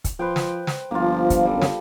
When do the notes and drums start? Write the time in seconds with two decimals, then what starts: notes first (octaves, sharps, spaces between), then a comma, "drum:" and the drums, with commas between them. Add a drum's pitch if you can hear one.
0.04 drum: kick, hi-hat
0.19 F3 B4 C5 G5
0.36 drum: snare
0.67 drum: snare
0.91 G1 F3 A#3 F4
1.30 drum: kick, hi-hat
1.46 F#2 G3 A4
1.62 drum: snare